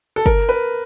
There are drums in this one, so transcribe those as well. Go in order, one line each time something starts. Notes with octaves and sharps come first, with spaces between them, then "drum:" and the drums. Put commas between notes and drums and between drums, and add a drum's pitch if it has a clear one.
A4
A#4, drum: kick G1
B4